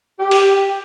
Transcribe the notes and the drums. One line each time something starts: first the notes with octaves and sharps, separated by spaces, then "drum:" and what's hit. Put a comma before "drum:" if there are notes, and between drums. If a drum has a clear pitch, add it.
G4
drum: open hi-hat